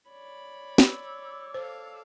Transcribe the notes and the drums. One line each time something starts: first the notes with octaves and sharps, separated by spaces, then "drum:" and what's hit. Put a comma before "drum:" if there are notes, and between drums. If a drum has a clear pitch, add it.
C#5 D5 B5
D6 E6, drum: snare
A4 C5 F5